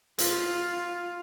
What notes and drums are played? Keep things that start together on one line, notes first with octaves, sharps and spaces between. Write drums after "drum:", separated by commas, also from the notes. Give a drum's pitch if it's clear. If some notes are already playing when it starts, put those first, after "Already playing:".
F4, drum: hi-hat